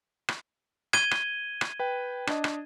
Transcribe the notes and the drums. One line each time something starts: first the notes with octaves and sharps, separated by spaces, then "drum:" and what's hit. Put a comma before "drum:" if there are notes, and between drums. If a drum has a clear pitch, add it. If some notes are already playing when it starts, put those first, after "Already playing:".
drum: rim click
G#6 D#7 G7, drum: rim click
drum: rim click
drum: rim click
B4 G5
D4 D#5, drum: rim click
drum: rim click